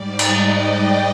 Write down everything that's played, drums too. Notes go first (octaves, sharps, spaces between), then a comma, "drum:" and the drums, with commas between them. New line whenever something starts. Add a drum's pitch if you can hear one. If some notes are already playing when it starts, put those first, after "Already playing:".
Already playing: G#2 G3 D5
D#5, drum: cymbal
G5